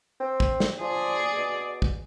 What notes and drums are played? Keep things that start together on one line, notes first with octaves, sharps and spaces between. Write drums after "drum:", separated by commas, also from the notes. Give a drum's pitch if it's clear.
C4
drum: kick
drum: snare
F3 G#4 D5
B2
drum: kick